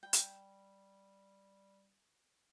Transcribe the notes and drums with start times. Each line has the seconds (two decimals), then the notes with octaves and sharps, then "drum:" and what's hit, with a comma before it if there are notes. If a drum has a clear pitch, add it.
0.03 G3 G5
0.13 drum: hi-hat